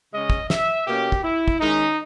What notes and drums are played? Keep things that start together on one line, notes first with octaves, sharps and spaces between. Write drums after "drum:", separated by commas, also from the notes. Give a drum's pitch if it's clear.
C#3 G#3 C#4 D#5
drum: kick
E5, drum: snare
B2 A#3 C#4 G4
drum: kick
E4
drum: kick
D#3 G#3 C#4 D#4